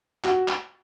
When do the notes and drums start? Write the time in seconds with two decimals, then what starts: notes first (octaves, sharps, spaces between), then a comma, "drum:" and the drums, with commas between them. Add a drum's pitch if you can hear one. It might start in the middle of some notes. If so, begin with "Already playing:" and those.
0.24 F#4, drum: clap
0.48 drum: clap